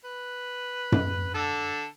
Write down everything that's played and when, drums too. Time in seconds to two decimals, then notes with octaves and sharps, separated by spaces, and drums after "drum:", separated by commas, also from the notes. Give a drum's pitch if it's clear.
0.05 B4
0.92 drum: tom F#2
1.34 D3 A4